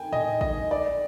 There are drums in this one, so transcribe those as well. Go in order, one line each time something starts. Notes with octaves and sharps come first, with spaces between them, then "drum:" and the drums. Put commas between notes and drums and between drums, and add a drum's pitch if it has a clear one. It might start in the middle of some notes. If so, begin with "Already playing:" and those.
Already playing: G5 G#5
D#5, drum: tom A2
D#5, drum: kick
D5